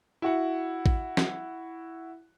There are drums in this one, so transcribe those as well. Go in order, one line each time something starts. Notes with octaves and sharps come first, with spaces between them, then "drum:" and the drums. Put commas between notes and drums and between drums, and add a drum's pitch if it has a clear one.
E4 F#4 F#5
drum: kick A1
drum: snare